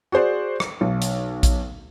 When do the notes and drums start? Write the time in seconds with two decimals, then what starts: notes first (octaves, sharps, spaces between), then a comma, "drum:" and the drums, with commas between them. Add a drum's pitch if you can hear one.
0.12 F#4 G#4 C5 D5
0.60 drum: rim click
0.81 B1
1.02 drum: hi-hat
1.43 drum: kick A#1, hi-hat